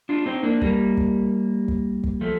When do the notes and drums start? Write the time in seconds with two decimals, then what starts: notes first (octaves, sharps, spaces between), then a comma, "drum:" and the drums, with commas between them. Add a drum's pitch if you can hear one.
0.09 D4 F4
0.26 C4 D#4
0.43 A#3 D4
0.61 G3 A#3, drum: kick
0.97 drum: kick
1.68 drum: kick
2.04 drum: kick
2.21 F3 A3